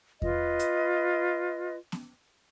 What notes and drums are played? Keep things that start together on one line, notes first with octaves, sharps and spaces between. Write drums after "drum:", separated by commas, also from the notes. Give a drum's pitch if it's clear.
F4 B4 D#5, drum: kick E2
drum: hi-hat
drum: snare B3